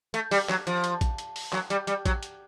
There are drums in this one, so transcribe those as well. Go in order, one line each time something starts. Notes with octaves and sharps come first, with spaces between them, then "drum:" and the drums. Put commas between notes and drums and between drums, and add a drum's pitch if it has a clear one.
A3, drum: hi-hat
G3, drum: open hi-hat
F#3, drum: clap
F3, drum: hi-hat
drum: hi-hat
drum: kick, hi-hat
drum: hi-hat
drum: open hi-hat
F#3, drum: clap
G3, drum: hi-hat
G3, drum: hi-hat
F#3, drum: kick, hi-hat
drum: hi-hat